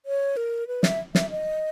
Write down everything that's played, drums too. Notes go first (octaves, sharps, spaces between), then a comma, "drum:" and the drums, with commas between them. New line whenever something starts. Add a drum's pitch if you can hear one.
C#5
A#4
B4
E5, drum: snare
E5, drum: snare
D#5